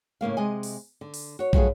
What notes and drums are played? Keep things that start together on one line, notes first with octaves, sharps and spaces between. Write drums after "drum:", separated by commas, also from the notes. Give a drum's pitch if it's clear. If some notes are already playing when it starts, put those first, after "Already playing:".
A2 C#3 A#3 F5
C3 G#3 D#5 G#5
drum: open hi-hat
D3
drum: open hi-hat
F#4 C#5
G2 F#3 A3 E4 F4 G#4, drum: kick